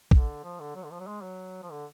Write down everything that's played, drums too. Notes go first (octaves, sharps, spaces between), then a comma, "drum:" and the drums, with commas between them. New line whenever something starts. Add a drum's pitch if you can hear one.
D3, drum: kick
F3
D3
F#3
D3
F3
F#3
G#3
F#3
F3
D3